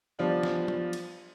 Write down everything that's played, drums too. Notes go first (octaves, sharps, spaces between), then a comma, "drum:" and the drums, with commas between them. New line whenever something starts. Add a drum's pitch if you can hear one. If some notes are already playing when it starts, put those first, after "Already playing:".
F3 G3 B3 D4 F4
drum: snare
drum: tom F3
drum: cymbal